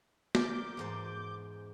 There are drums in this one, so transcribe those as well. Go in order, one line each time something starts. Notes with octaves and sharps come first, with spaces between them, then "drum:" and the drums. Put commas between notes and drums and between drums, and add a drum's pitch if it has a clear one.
A#4 D5 A#5 D6 G6, drum: snare
E2 G#2 C5